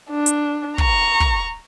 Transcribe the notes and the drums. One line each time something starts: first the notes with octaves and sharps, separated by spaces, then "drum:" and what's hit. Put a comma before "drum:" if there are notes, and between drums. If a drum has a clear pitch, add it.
D4
drum: hi-hat
A#5 C#6, drum: kick
drum: kick